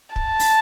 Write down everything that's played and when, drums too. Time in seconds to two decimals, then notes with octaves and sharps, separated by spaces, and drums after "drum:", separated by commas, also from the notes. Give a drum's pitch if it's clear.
0.16 A5, drum: kick
0.39 drum: open hi-hat